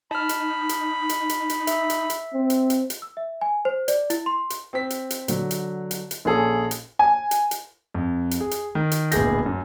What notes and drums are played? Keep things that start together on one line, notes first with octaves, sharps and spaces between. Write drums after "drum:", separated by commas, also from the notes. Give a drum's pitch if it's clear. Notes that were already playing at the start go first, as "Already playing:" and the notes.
D#4 A5 B5 F6
drum: hi-hat
drum: hi-hat
drum: hi-hat
drum: hi-hat
drum: hi-hat
E5, drum: hi-hat
drum: hi-hat
drum: hi-hat
C4
drum: hi-hat
drum: hi-hat
drum: hi-hat
E6
E5
G#5
C5
D5, drum: hi-hat
E4, drum: hi-hat
C6
drum: hi-hat
C4 B6
drum: hi-hat
drum: hi-hat
D3 F#3, drum: hi-hat
drum: hi-hat
drum: hi-hat
drum: hi-hat
A#1 C#4 G#4 A4
drum: hi-hat
G#5
drum: hi-hat
drum: hi-hat
F2
drum: hi-hat
G#4
drum: hi-hat
D#3
drum: hi-hat
D1 A#1 B3 G#4 G6 A#6, drum: hi-hat
F#2